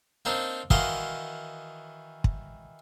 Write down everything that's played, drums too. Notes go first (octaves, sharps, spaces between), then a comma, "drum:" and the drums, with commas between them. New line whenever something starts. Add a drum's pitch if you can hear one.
A#3 C4 D4 D#4
D#3 E3 F#4 D#5 F5 C6, drum: kick
drum: kick